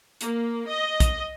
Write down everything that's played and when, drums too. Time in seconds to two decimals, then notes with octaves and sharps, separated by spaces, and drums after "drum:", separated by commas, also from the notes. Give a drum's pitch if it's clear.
0.21 A#3, drum: hi-hat
0.67 D#5
1.00 drum: kick, hi-hat